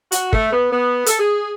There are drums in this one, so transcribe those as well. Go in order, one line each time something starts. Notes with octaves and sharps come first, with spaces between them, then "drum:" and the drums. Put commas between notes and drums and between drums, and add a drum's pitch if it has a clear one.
F#4, drum: hi-hat
A3, drum: kick
B3
B3
A4, drum: hi-hat
G#4